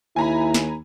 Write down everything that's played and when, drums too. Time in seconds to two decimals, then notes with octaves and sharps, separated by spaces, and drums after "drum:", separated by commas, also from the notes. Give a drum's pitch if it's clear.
0.16 D#2 E4 G#5 A#5 B5
0.54 drum: snare